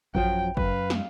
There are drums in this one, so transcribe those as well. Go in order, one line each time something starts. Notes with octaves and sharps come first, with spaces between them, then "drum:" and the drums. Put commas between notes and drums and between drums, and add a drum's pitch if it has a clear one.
A1 F#2 F3 F#3 G5
F#2 B4 F5, drum: kick
drum: snare